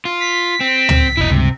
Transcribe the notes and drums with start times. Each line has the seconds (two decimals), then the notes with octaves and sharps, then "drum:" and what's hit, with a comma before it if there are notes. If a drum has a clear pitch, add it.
0.05 F4
0.20 B6
0.61 C4
0.89 drum: tom
1.17 F1 B1 E4 D#5
1.30 C#2 G2 C3